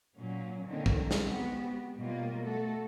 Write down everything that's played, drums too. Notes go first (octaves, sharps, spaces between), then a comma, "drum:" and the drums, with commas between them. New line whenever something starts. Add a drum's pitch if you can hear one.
A#2 F#3 C#4
D3 D#3 A#3 C4 C#4
drum: kick
drum: snare
G#3 B3 C4 F#4 G4
B2 F#3 G3 A#3 F4
A3 F#4 A4